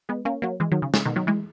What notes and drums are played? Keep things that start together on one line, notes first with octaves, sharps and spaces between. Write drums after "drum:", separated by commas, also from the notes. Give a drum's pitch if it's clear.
G#3 B3
A#3 C#4
F#3 A#3
E3 G#3
D#3 F#3
C#3
C#3, drum: snare
B2 D#3
D#3 F#3
E3 G#3